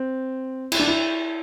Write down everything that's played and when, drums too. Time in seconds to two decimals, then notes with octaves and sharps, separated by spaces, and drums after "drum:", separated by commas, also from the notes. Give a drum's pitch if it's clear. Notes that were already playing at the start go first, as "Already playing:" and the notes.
Already playing: C4
0.72 E4, drum: cymbal
0.79 D4
0.88 E4